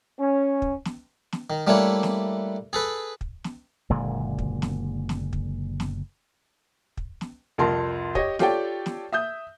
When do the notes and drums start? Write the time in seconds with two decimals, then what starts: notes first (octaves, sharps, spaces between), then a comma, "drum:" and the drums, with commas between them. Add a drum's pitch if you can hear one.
0.19 C#4
0.62 drum: kick
0.85 drum: snare
1.32 drum: snare
1.50 D#3
1.67 G3 A3 A#3 D4 E4 C#5
2.03 drum: snare
2.73 G#4 A4 B4
3.21 drum: kick
3.44 drum: snare
3.90 F#1 A#2 D3 G#3
4.38 drum: kick
4.62 drum: snare
5.09 drum: snare
5.33 drum: kick
5.80 drum: snare
6.97 drum: kick
7.21 drum: snare
7.58 C2 F2 A#4 A5 C6
8.15 G4 C#5 D#5, drum: kick
8.39 F4 G4 A4 C#5 D5 G5, drum: snare
8.86 drum: snare
9.12 E5 D#6 G6